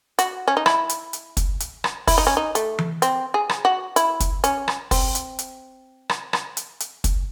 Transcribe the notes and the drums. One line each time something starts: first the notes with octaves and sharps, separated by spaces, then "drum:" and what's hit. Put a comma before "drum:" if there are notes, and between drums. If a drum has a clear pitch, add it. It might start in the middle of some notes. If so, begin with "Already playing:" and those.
F#4, drum: hi-hat
C#4
D#4
E4, drum: rim click
drum: hi-hat
drum: hi-hat
drum: kick, hi-hat
drum: hi-hat
drum: rim click
E4, drum: kick, open hi-hat
D#4
C#4
D#4
A3, drum: hi-hat
drum: tom E3
C4, drum: hi-hat
G#4
drum: rim click
F#4
E4, drum: hi-hat
drum: kick, hi-hat
C#4, drum: hi-hat
drum: rim click
C4, drum: kick, open hi-hat
drum: hi-hat
drum: hi-hat
drum: rim click
drum: rim click
drum: hi-hat
drum: hi-hat
drum: kick, hi-hat